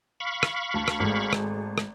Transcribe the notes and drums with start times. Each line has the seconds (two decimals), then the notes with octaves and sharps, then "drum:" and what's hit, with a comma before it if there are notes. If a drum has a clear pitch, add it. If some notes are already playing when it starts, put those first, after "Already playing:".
0.20 F5 B5 C#6
0.43 drum: rim click
0.74 D2 A5
0.88 drum: rim click
1.00 G#1 G#3 A3
1.33 drum: rim click
1.78 drum: rim click